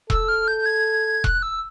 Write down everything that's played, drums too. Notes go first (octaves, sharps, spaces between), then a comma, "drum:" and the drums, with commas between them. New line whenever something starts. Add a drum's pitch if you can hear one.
A4 E6, drum: kick E1
F6
G6
G6
G#6
F#6, drum: kick E1
E6